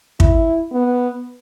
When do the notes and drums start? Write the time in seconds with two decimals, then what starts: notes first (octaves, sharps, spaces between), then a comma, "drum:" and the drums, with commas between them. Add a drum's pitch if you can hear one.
0.20 E4, drum: kick
0.72 B3